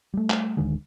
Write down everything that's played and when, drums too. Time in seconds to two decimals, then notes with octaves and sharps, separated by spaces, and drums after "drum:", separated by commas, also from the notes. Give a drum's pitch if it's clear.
0.14 G3 A3
0.30 drum: clap
0.57 D1 D3 D#3 G#3